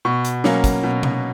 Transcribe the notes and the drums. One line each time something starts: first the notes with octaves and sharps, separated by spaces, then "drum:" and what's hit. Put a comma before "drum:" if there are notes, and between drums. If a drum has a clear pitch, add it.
B2 C#6
drum: hi-hat
F#3 A#3 C#4, drum: snare
drum: kick, hi-hat
B2
drum: tom C3